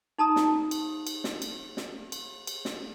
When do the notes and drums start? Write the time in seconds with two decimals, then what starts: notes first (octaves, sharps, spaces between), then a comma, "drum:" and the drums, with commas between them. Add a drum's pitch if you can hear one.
0.18 D#4 A5 A#5 D#6
0.36 drum: snare
0.71 drum: cymbal
1.07 drum: cymbal
1.24 drum: snare
1.42 drum: cymbal
1.77 drum: snare
2.12 drum: cymbal
2.47 drum: cymbal
2.65 drum: snare